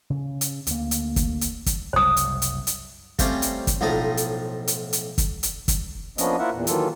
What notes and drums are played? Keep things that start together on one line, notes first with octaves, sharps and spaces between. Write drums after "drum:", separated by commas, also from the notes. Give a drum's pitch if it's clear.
C#3
drum: hi-hat
D2 A#3, drum: hi-hat
drum: hi-hat
drum: kick, hi-hat
drum: hi-hat
drum: kick, hi-hat
F#1 C2 C5 D#6
drum: hi-hat
drum: hi-hat
drum: hi-hat
G3 A3 C4 C#4 F4 G4, drum: kick, hi-hat
drum: hi-hat
drum: kick, hi-hat
B1 A2 F3 D#4 D#5 A5
drum: hi-hat
drum: hi-hat
drum: hi-hat
drum: kick, hi-hat
drum: hi-hat
drum: kick, hi-hat
F3 A#3 B3 C#4 D4 D#5, drum: hi-hat
A#3 E4 F4 A#4 E5 F#5
E2 A#2
D#3 E3 F#3 A#3 F4 A4, drum: hi-hat